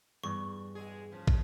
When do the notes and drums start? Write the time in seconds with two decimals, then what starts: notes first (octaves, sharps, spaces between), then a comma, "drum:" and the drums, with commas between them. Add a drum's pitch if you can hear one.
0.24 E2 G2 C#6
0.75 B2 G#3 G#4
1.12 C#3 F3
1.27 drum: kick